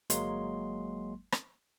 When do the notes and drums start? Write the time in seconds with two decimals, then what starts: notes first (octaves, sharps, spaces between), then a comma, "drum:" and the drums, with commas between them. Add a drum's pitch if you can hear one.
0.10 G1 F#3 G#3 A#3 C6, drum: hi-hat
1.32 drum: rim click